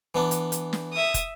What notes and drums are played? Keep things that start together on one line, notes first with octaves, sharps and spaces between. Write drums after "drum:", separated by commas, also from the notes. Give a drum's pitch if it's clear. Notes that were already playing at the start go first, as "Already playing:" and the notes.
E3 B3 D4
drum: hi-hat
drum: hi-hat
drum: snare
E5 D#6
drum: kick, hi-hat